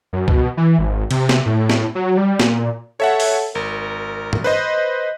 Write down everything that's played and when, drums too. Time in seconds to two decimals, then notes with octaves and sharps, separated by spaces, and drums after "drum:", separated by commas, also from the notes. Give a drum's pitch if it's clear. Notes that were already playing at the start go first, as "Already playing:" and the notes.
0.13 F#2
0.28 B2, drum: kick C2
0.57 E3
0.79 G#1
1.11 C3, drum: cymbal
1.29 drum: snare
1.46 A2
1.70 drum: snare
1.95 F#3
2.17 G3
2.40 A#2, drum: snare
3.00 A4 C#5 E5 F#5
3.20 drum: open hi-hat
3.55 G#1 A#4
4.33 drum: tom G#2
4.44 B4 C5 D#5